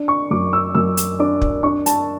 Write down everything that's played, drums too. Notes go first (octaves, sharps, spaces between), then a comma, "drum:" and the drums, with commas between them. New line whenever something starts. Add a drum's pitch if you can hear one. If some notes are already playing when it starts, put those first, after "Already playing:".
Already playing: D4
C#6
F#2 D6
E6
F#2 E6
drum: hi-hat
D4 D6
drum: kick
D4 C#6
A5, drum: hi-hat